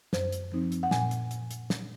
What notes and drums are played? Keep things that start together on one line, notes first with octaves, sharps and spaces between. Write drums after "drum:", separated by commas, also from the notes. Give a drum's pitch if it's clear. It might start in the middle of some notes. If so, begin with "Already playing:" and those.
F#2 C5, drum: snare
drum: hi-hat
F3 C4 D#4
drum: hi-hat
F#5
A#2 G#5, drum: snare
drum: hi-hat
drum: hi-hat
drum: hi-hat
drum: snare